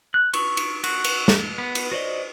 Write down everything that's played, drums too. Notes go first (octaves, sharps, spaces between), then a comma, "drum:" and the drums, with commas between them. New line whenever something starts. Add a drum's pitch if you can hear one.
F#6
C#6, drum: cymbal
drum: cymbal
F#4, drum: cymbal
drum: cymbal
drum: snare
B3
drum: cymbal
F#4 C5 D5 D#5